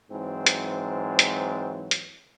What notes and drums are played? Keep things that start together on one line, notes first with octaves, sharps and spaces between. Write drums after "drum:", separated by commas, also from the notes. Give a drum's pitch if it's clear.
G#2 E3 F#3 C4
drum: hi-hat
drum: hi-hat
drum: hi-hat